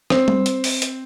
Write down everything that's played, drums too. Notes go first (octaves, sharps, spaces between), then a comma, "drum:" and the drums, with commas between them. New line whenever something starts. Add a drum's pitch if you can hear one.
C4, drum: rim click
drum: tom G3
drum: hi-hat
drum: open hi-hat
drum: hi-hat